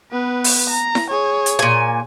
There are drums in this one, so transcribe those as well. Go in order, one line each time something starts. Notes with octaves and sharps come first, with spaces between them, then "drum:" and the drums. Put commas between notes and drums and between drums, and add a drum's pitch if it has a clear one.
B3 B4
drum: open hi-hat
A#5
drum: snare E4
G#4 C#5
drum: hi-hat
A#2 G#5